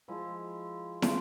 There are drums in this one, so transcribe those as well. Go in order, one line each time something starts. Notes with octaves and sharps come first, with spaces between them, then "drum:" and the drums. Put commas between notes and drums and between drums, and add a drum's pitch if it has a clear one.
F3 G#3 E4
F3 G#3, drum: snare